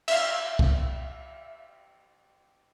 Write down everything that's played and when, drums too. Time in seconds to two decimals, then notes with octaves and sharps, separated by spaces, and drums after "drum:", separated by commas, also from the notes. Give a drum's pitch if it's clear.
0.08 E5 F5, drum: cymbal
0.59 drum: kick C2